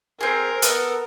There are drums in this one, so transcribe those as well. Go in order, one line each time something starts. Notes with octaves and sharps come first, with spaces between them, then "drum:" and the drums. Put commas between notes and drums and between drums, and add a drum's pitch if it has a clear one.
C4 G#4 A#4
B3 A4, drum: hi-hat